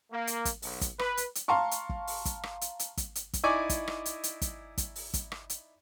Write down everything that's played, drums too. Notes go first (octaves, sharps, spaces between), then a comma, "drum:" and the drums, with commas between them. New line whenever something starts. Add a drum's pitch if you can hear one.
A#3
drum: hi-hat
drum: kick, hi-hat
B1, drum: open hi-hat
drum: kick, hi-hat
B4, drum: rim click
drum: hi-hat
drum: hi-hat
F5 A5 A#5 C6 C#6
drum: hi-hat
drum: kick
drum: open hi-hat
drum: kick, hi-hat
drum: rim click
drum: hi-hat
drum: hi-hat
drum: kick, hi-hat
drum: hi-hat
drum: kick, hi-hat
D#4 E4 D5 G#5 C#6 D6
drum: kick, hi-hat
drum: rim click
drum: hi-hat
drum: hi-hat
drum: kick, hi-hat
drum: kick, hi-hat
drum: open hi-hat
drum: kick, hi-hat
drum: rim click
drum: hi-hat